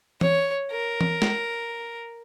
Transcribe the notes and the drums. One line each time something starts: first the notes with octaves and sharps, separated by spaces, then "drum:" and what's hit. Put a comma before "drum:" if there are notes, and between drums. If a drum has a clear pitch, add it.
C#5, drum: tom E3
A#4
drum: tom E3
drum: snare